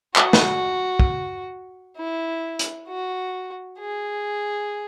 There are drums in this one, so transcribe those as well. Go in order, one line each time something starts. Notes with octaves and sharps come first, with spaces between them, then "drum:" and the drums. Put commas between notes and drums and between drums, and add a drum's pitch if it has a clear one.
F#4, drum: clap
drum: snare
drum: kick
E4
drum: hi-hat
F#4
G#4